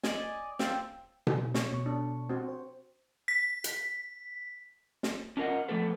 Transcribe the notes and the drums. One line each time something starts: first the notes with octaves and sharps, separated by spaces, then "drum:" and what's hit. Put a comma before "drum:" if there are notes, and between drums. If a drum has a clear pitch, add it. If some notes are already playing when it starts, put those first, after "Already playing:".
D5 D#5 G#5, drum: snare
C4 D4 F4, drum: snare
drum: tom B2
C#5, drum: snare
B2 C#6
D4
C4 F#4
C5
B6
drum: hi-hat
drum: snare
C#4 D4 F4 A#4 D#5 F#5
F3 A3 B3 A4 B4